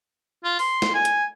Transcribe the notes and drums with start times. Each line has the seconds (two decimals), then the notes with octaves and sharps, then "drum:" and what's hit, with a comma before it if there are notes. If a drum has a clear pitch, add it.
0.44 F4
0.59 C6, drum: open hi-hat
0.82 drum: snare
0.94 G#5
1.05 drum: hi-hat